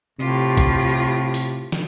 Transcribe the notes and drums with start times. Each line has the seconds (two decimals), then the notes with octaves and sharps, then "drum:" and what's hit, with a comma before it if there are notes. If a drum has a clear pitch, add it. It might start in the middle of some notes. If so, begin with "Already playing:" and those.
0.19 A2 C3 F4 G4
0.57 drum: kick, hi-hat
1.34 drum: open hi-hat
1.72 drum: snare